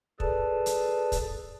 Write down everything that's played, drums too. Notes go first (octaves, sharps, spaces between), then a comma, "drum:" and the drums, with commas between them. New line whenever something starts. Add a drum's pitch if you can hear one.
G#4 A4 B4 D5 A5, drum: kick
drum: hi-hat
drum: kick, hi-hat